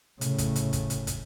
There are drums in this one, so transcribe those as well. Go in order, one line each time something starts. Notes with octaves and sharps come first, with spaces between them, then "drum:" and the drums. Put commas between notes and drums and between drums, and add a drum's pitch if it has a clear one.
A2 C#3, drum: hi-hat
drum: kick, hi-hat
drum: hi-hat
drum: kick, hi-hat
drum: hi-hat
drum: kick, hi-hat